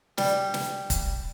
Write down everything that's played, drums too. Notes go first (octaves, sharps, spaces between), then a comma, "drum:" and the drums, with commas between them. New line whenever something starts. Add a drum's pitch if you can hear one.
G3, drum: snare
drum: snare
drum: kick, hi-hat